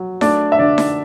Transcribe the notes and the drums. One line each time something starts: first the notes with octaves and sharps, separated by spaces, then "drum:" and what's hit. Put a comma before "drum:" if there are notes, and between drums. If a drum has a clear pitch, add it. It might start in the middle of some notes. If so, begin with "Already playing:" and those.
Already playing: F#3
A3 D4 D5, drum: snare D#4
E5
D3 D4 D5
drum: snare D#4